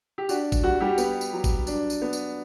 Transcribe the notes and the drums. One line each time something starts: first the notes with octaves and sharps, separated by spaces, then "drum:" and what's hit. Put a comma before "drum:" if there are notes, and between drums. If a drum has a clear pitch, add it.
G4
D4 F#4, drum: tambourine
drum: kick G#1, tambourine
G3 F#4
G3 G4
B3, drum: tambourine
drum: tambourine
F#3
drum: kick G#1, tambourine
D4, drum: tambourine
drum: tambourine
B3
drum: tambourine